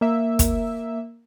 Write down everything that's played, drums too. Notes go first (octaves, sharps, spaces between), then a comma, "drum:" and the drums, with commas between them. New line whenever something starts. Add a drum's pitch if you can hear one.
A#3 E5
drum: kick, hi-hat